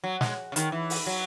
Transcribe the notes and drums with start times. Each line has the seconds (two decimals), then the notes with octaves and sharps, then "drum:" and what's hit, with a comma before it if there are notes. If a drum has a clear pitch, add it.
0.04 F#3
0.21 G#3, drum: snare
0.52 C#3
0.56 D#3, drum: hi-hat
0.72 E3
0.90 drum: open hi-hat
1.07 F#3